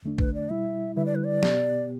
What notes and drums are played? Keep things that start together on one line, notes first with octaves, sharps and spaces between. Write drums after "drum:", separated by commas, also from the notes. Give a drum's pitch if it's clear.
E2 D3 A3 D4
B4, drum: kick A#1
D5
B2 G3 E4 E5
D3 G3 E4 B4 E5
D5
B4
D5
B2 B3 G4, drum: snare